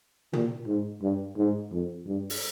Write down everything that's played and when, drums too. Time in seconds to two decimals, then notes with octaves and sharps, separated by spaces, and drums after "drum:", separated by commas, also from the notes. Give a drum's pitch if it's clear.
0.33 A#2, drum: tom
0.67 G#2
1.02 G2
1.37 G#2
1.72 F2
2.07 G2
2.30 drum: open hi-hat